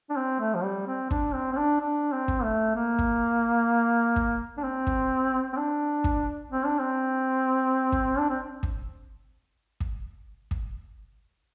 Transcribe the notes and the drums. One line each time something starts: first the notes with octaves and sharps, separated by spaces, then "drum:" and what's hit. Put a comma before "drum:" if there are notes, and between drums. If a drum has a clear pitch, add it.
D4
C4
A3
F3
G3
C4
D4, drum: kick
C4
C4
D4
D4
C4
drum: kick
A3
A#3
drum: kick
drum: kick
D4
C4
drum: kick
C4
D4
drum: kick
C4
D4
C4
drum: kick
D4
C4
drum: kick
drum: kick
drum: kick